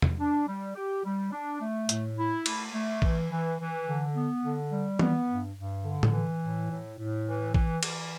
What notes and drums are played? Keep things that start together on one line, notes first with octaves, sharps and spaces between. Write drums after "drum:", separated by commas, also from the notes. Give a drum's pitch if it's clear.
drum: tom
D4
G3
G4
G3
D4
A3
A2, drum: hi-hat
E4
A3, drum: cymbal
A3
E3, drum: kick
E3
E3
D3
B3
D3
G3
B3, drum: tom E3
G2
G2
D3
drum: tom A2
E3
A2
A2
A2
E3
E3, drum: kick
E3, drum: cymbal